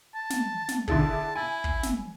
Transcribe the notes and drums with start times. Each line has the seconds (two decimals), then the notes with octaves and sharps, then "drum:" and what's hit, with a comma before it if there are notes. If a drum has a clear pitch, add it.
0.14 A5
0.30 drum: snare
0.68 drum: snare
0.88 D3 E4 G#4 A5, drum: kick
1.36 E4 G#5
1.64 drum: kick
1.83 drum: snare